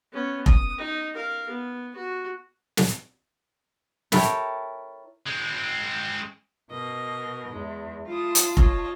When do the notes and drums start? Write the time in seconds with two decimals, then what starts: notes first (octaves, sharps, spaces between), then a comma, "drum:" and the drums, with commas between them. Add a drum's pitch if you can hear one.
0.12 B3 C#4
0.46 D#6, drum: kick F1
0.78 D#4
1.16 A#4 F5
1.50 B3
1.96 F#4
2.77 drum: snare
4.12 E4 A4 A#4 C#5 G5, drum: snare
5.26 G#3 C4
6.71 B2 A#4 D#5
7.52 E2 G#3
8.09 E4 F4 A5 D#6
8.35 drum: hi-hat
8.57 C#5 D#5, drum: kick F1